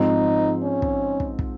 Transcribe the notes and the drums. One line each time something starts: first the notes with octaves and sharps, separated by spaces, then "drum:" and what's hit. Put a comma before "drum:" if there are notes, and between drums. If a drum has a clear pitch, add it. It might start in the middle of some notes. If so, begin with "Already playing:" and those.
Already playing: G#2 F3 C4 D#4
C#4
drum: kick
drum: kick
drum: kick